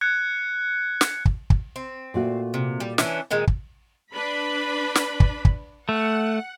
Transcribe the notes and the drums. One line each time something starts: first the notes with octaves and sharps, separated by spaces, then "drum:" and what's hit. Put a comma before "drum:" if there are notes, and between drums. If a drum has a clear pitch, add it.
F#6 G#6 C#7
drum: snare
drum: kick
drum: kick
C4
A#2 A3 F#4
C3
G3
E3 C#4 D4, drum: snare
A#2 D#3 G#3
drum: kick
D4 B4 B5
drum: snare
drum: kick
drum: kick
A3 F#5